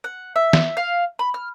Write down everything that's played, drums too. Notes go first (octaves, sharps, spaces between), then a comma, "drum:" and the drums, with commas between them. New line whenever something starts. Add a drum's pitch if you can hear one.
F#5
E5
drum: snare
F5
B5
F6